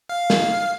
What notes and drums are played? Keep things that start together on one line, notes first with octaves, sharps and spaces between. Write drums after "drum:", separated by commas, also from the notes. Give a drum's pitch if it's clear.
F5
drum: snare